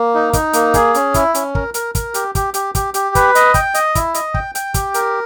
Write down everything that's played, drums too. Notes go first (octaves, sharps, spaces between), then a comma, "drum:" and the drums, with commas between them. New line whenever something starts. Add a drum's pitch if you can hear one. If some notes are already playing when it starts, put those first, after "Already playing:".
Already playing: A#3
D#4
D#4, drum: kick, hi-hat
A#3, drum: hi-hat
G#4, drum: kick, hi-hat
C#4, drum: hi-hat
E4, drum: kick, hi-hat
C#4, drum: hi-hat
A#4, drum: kick
A#4, drum: hi-hat
A#4, drum: kick, hi-hat
G4, drum: hi-hat
G4, drum: kick, hi-hat
G4, drum: hi-hat
G4, drum: kick, hi-hat
G4, drum: hi-hat
B4, drum: kick, hi-hat
D#5, drum: hi-hat
G5, drum: kick, hi-hat
D#5, drum: hi-hat
E4, drum: kick, hi-hat
D#5, drum: hi-hat
G5, drum: kick
G5, drum: hi-hat
G4, drum: kick, hi-hat
A#4, drum: hi-hat